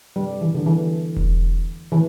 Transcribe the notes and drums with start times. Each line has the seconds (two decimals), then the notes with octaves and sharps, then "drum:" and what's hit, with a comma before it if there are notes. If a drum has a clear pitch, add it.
0.16 G3
0.41 E3
0.55 D3
0.66 E3
1.16 drum: kick E1
1.92 E3